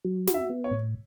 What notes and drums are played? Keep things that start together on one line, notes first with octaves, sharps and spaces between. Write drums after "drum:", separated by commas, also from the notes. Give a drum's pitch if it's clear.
F#3
F#4, drum: snare
E5
B3
C#5
A2